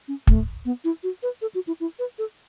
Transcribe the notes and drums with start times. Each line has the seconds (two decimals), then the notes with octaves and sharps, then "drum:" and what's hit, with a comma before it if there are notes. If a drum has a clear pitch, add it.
0.08 C#4
0.27 A3, drum: kick
0.65 B3
0.84 E4
1.03 F#4
1.23 B4
1.42 A4
1.55 F#4
1.67 E4
1.80 E4
1.99 B4
2.19 A4